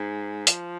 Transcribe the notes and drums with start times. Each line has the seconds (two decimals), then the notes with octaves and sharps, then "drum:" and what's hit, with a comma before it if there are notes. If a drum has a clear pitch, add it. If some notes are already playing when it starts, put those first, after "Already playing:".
Already playing: G#2
0.47 F3, drum: hi-hat